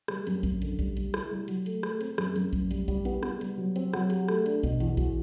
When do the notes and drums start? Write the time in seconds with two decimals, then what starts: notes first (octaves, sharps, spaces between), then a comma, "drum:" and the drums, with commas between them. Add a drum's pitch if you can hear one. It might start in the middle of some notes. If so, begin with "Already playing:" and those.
0.08 G3, drum: rim click
0.27 F#2, drum: hi-hat
0.43 F#2, drum: kick A#1, hi-hat
0.62 D3, drum: hi-hat
0.79 G3, drum: kick A#1, hi-hat
0.97 G3, drum: hi-hat
1.14 E4, drum: rim click
1.31 G3
1.48 F#3, drum: hi-hat
1.66 A3, drum: hi-hat
1.83 A3, drum: rim click
2.01 C4, drum: hi-hat
2.18 F#2, drum: rim click
2.36 F#2, drum: hi-hat
2.53 F#2, drum: kick A#1, hi-hat
2.71 G3, drum: hi-hat
2.88 G3, drum: kick A#1, hi-hat
3.05 B3, drum: hi-hat
3.23 B3, drum: rim click
3.41 G3, drum: hi-hat
3.58 F#3
3.76 C4, drum: hi-hat
3.94 F#3, drum: rim click
4.10 G4, drum: hi-hat
4.28 A3, drum: rim click
4.46 D4, drum: hi-hat
4.63 B2, drum: kick A#1, hi-hat
4.80 E2, drum: hi-hat
4.97 F#4, drum: kick A#1, hi-hat